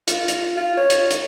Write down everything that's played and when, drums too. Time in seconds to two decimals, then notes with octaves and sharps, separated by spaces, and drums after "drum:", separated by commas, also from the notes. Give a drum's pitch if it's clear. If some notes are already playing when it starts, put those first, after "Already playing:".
0.08 F4, drum: hi-hat
0.28 drum: hi-hat
0.57 F4
0.77 C#5
0.90 drum: hi-hat
1.11 drum: hi-hat